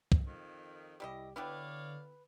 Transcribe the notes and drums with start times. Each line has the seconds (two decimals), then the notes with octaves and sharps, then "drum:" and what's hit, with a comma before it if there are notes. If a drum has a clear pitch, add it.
0.12 drum: kick
0.27 F2 D#3
1.00 C2 G3 E4 G4 D#5
1.36 D3 B3 E4 G4 B4 C#5 D5 F5